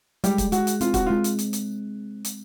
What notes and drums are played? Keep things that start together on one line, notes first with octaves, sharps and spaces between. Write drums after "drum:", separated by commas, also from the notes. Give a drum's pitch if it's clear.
G3 G#3 G4, drum: hi-hat
drum: kick, hi-hat
G#3 F#4, drum: hi-hat
drum: hi-hat
C4 F4, drum: hi-hat
F#4, drum: kick, hi-hat
G#3 F4
drum: hi-hat
drum: hi-hat
drum: hi-hat
drum: hi-hat